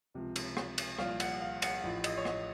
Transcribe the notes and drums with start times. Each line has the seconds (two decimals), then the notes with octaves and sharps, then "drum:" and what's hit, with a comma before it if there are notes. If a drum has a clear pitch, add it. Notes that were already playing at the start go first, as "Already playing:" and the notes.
0.14 C#2 C3 F3
0.36 drum: cymbal
0.57 drum: rim click
0.78 drum: cymbal
0.99 C2 A#2 F3 F5, drum: rim click
1.20 F#5, drum: cymbal
1.41 F5
1.62 F#5, drum: cymbal
1.83 A1 A2 F3
2.04 D#5, drum: cymbal
2.17 C#5
2.25 D#5, drum: rim click